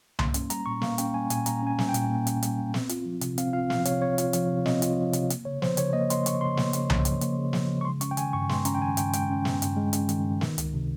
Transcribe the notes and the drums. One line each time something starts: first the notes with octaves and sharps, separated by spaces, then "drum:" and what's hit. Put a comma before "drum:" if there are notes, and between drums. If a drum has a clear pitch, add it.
A#3 C6, drum: tom C2
C#4, drum: hi-hat
G3 A#5, drum: hi-hat
A#2 C#6
A#3 F5, drum: snare
C#4 G5, drum: hi-hat
G3 G#5
A#2 G#5, drum: hi-hat
A#3 A#5, drum: hi-hat
C#4 G#5
G3, drum: snare
G5
A#2, drum: hi-hat
A#3
C#4, drum: hi-hat
G3, drum: hi-hat
A#2
C4, drum: snare
F4, drum: hi-hat
F3
C3, drum: hi-hat
C4 F5, drum: hi-hat
F4 F5
F3 F5, drum: snare
C3 C#5, drum: hi-hat
C4 C#5
F4, drum: hi-hat
F3, drum: hi-hat
C3
C4 D#5, drum: snare
F4, drum: hi-hat
F3
C3, drum: hi-hat
A#3, drum: hi-hat
C#3 C#5
F3 C5, drum: snare
C#3 C#5, drum: hi-hat
A#3 D#5
C#3 C6, drum: hi-hat
F3 C#6, drum: hi-hat
C#3 C6
A#3, drum: snare
C#3, drum: hi-hat
F3, drum: tom C2
C#3, drum: hi-hat
A#3, drum: hi-hat
C#3
F3, drum: snare
C#3
C#6
G#3 C6
C#4 C#6, drum: hi-hat
G5
D#3 G#5, drum: hi-hat
G2 C#6
G#3 C6, drum: snare
C#4 A#5, drum: hi-hat
G5
D#3 G#5
G2 G5, drum: hi-hat
G#3 G5, drum: hi-hat
C#4
D#3, drum: snare
G2, drum: hi-hat
G#3
C#4, drum: hi-hat
D#3, drum: hi-hat
G2
D#3, drum: snare
C#2, drum: hi-hat
C3